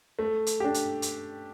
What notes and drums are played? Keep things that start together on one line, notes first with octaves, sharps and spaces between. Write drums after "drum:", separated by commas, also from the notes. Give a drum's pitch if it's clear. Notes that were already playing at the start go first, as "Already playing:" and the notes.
A3
drum: hi-hat
D4 G4
drum: hi-hat
drum: hi-hat